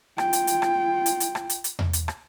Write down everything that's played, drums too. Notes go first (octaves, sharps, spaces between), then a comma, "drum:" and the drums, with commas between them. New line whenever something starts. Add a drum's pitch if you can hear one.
F4 G5, drum: rim click
drum: hi-hat
drum: hi-hat
drum: rim click
drum: hi-hat
drum: hi-hat
drum: rim click
drum: hi-hat
drum: hi-hat
drum: tom E2
drum: hi-hat
drum: rim click